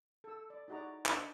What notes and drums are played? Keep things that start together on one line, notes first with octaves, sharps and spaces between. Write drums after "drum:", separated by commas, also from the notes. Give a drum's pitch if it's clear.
A4 E6
D5
D#4 E4 F#4 G#4 D5 A#5
D4 D#5, drum: clap